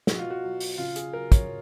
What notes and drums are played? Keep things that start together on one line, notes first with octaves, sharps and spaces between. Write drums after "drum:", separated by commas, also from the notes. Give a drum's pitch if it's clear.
B2 F#4, drum: snare
F4
F#4
F#3
drum: open hi-hat
C#3 F4
G#4, drum: hi-hat
F#3 A#4
C#5, drum: kick, hi-hat